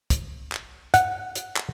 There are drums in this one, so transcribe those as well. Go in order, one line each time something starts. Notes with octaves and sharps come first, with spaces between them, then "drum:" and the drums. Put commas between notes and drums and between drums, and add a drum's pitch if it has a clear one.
drum: kick, hi-hat
drum: clap
F#5, drum: hi-hat
drum: hi-hat
drum: clap